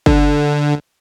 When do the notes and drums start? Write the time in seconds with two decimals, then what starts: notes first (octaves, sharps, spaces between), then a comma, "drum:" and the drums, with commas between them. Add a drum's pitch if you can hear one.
0.06 D3, drum: kick G1